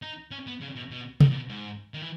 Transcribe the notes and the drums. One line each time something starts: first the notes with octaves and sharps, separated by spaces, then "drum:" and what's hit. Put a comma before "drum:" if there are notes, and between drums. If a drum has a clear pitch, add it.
D#4
C#4
B3
C#3
B2
B2
D#3, drum: tom C3
A#2
B2
G#2
D#3
E3